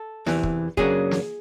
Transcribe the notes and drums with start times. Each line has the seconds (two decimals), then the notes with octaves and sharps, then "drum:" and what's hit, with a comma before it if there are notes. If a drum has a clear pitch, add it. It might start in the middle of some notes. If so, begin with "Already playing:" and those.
Already playing: A4
0.26 E2 C3 E3, drum: snare
0.43 drum: kick
0.77 F#2 C#3 F#3 A#3 D4 G#4, drum: kick
1.11 drum: snare